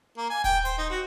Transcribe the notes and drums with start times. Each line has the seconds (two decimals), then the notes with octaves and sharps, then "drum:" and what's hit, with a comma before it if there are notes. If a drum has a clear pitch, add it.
0.17 A#3
0.30 G#5
0.44 G5, drum: kick D#1, hi-hat
0.65 C5, drum: hi-hat
0.78 D#4
0.90 F#4